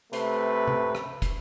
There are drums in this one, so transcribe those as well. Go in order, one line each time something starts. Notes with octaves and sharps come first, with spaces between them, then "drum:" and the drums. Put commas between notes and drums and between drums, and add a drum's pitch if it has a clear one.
C3 A3 B4, drum: hi-hat
drum: tom C3
drum: rim click
drum: kick, hi-hat